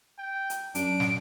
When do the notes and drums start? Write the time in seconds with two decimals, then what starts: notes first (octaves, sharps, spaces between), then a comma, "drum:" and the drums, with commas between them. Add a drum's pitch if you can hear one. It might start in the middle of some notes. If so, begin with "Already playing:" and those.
0.18 G5
0.50 drum: hi-hat
0.75 F#2 D4 D7, drum: hi-hat
1.00 drum: snare